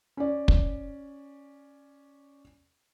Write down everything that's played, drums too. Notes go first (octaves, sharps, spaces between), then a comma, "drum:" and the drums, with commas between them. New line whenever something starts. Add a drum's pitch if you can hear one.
C#4 D5
drum: kick